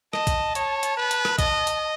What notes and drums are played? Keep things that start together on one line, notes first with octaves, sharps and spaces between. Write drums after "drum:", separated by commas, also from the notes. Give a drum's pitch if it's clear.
D#5 A5, drum: rim click
drum: kick A#1, hi-hat
C#5, drum: hi-hat
drum: hi-hat
B4
drum: hi-hat
drum: rim click
D#5 A5, drum: kick A#1, hi-hat
drum: hi-hat